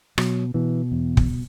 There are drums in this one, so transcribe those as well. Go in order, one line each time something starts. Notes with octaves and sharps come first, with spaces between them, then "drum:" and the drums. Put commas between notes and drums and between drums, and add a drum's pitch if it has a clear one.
B2 F#3, drum: rim click
B2 E3
E2
drum: kick